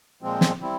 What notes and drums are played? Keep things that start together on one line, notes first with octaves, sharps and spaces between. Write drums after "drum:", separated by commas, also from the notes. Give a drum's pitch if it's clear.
A#2 F3 G#3 C4
drum: snare
G3 C4 E4